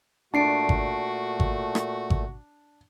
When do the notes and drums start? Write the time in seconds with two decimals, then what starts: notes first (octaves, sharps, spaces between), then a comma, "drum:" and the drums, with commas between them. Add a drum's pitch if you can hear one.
0.34 A#2 A3 D4 F#4 A5 C7 D7
0.69 drum: kick G#1
1.40 drum: kick G#1
1.75 drum: rim click
2.10 drum: kick G#1